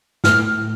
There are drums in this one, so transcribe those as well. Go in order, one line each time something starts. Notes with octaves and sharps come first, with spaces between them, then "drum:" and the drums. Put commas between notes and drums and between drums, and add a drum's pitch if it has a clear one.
A2 F6, drum: snare